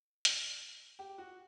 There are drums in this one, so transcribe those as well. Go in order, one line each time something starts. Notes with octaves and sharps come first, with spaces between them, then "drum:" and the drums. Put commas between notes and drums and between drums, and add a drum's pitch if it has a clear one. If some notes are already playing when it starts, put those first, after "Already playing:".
drum: hi-hat
G4
F#4